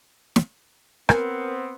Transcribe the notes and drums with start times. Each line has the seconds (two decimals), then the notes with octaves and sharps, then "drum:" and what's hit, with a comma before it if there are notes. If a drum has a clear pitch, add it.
0.36 drum: snare
1.09 B3 C4 A#4, drum: rim click